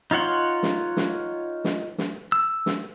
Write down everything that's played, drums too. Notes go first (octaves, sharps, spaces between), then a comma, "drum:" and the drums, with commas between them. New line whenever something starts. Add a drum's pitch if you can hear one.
D#4 F4 C#5 F#5 C6
drum: snare
drum: snare
drum: snare
drum: snare
E6
drum: snare